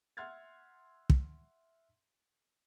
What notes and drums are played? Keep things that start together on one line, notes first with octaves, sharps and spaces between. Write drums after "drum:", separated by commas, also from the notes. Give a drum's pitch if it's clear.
E5 F#5 C6 F6 G#6 A6
drum: kick